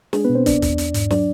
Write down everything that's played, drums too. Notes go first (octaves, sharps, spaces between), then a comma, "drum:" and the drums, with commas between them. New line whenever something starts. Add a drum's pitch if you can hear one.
G#3 D4 G#4, drum: snare
B2 B3 B4
C4 C5
B3 D4 D5, drum: kick, hi-hat
E2, drum: kick, hi-hat
D4, drum: hi-hat
G#2, drum: hi-hat
F#3 D4 D5, drum: snare